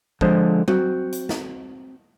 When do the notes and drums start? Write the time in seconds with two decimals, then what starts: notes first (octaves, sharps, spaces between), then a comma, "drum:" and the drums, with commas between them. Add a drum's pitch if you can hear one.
0.21 D3 F3 G#3 C5, drum: kick
0.68 C4 F#4, drum: tom F#3
1.12 drum: hi-hat
1.29 drum: snare